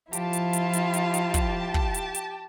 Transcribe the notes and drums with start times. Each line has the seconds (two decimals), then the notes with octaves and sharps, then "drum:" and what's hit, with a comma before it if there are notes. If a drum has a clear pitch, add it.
0.13 F3 E4 F4 G4 A5, drum: hi-hat
0.33 drum: hi-hat
0.53 drum: hi-hat
0.73 drum: hi-hat
0.94 drum: hi-hat
1.14 drum: hi-hat
1.34 drum: kick, hi-hat
1.74 drum: kick
1.94 drum: hi-hat
2.15 drum: hi-hat